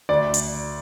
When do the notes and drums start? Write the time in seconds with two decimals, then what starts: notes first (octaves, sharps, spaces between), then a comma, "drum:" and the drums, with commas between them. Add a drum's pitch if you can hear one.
0.09 D2 D5
0.34 drum: hi-hat